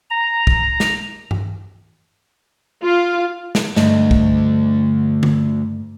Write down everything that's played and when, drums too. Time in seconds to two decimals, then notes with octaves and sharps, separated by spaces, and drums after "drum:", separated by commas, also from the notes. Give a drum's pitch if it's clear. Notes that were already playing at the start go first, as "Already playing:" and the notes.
0.10 A#5
0.47 drum: kick
0.80 drum: snare
1.31 drum: tom G2
2.82 F4
3.55 drum: snare
3.76 D2 G2 A3 D#5, drum: snare
4.11 drum: kick
5.23 drum: tom D3